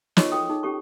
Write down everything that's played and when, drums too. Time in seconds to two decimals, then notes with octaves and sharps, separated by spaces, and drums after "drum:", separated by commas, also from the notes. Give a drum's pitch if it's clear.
0.17 D#4 F4 G#4 C#5 D#5 C#6, drum: snare
0.32 F#4 A4 G5 D#6
0.49 D#4 G#4
0.63 C#4 G4 A4 C#6